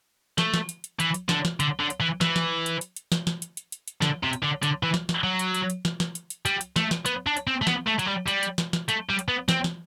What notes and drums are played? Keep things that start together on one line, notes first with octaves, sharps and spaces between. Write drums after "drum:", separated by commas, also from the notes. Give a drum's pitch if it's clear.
A3, drum: snare
drum: snare
drum: hi-hat
drum: hi-hat
E3, drum: hi-hat
drum: hi-hat
D3, drum: snare
drum: snare
D3, drum: hi-hat
D3
drum: hi-hat
E3
E3, drum: snare
drum: snare
drum: hi-hat
drum: hi-hat
drum: hi-hat
drum: snare
drum: snare
drum: hi-hat
drum: hi-hat
drum: hi-hat
drum: hi-hat
D3, drum: snare
C3
drum: hi-hat
D3
D3, drum: hi-hat
E3
drum: snare
drum: snare
F#3
drum: hi-hat
drum: hi-hat
drum: hi-hat
drum: snare
drum: snare
drum: hi-hat
drum: hi-hat
G3, drum: hi-hat
drum: hi-hat
A3, drum: snare
drum: snare
B3, drum: hi-hat
D4
drum: hi-hat
C4
A3
B3, drum: snare
A3
F#3, drum: hi-hat
G3
G3, drum: hi-hat
drum: hi-hat
drum: snare
drum: snare
A3, drum: hi-hat
G3
drum: hi-hat
B3
C4, drum: snare
drum: snare